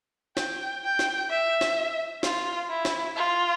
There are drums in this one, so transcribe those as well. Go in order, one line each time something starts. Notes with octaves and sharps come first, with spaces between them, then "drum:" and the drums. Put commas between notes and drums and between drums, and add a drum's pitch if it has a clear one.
G5, drum: snare
G5
drum: snare
E5
drum: snare
F4, drum: snare
E4
drum: snare
F4